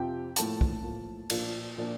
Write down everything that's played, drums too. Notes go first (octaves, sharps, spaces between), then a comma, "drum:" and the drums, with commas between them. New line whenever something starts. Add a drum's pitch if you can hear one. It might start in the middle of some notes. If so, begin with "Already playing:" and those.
Already playing: F2 C3 F3 C4 F4 G4 G5
A2 F3 A#3 A4 A5, drum: hi-hat
drum: kick
A2 F3 A#3
A#2 F3 A#3 D4, drum: cymbal
A#2 F3 A#3 D4